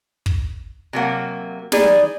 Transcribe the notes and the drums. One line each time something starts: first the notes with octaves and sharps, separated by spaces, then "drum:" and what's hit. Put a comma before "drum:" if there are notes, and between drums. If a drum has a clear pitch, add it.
drum: kick
C3 F#3 A#3 F#5
D#4 E4 G#4 D5, drum: snare